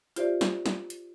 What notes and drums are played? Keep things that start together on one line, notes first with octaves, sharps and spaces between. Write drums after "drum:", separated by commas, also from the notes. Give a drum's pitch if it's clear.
F4 G4 C5 D5 E5, drum: hi-hat
drum: snare
drum: snare
drum: hi-hat